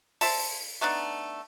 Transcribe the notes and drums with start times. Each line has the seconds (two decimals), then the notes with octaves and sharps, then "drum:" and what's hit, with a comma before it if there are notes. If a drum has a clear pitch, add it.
0.21 C5 E5 A5, drum: open hi-hat
0.81 A3 B3 D4 D#4